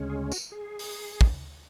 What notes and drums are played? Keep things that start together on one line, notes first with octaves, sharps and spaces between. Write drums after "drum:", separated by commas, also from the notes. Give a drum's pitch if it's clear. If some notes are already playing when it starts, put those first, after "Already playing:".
Already playing: D2 C#3 G#3 C#4
G#4
F#4, drum: tambourine
G#4
drum: open hi-hat
drum: kick